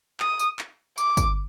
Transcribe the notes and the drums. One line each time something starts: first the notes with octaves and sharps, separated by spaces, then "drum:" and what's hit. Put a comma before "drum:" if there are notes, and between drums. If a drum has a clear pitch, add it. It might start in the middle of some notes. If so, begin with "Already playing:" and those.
D#6, drum: clap
drum: tambourine
drum: clap
D6, drum: tambourine
drum: kick, tambourine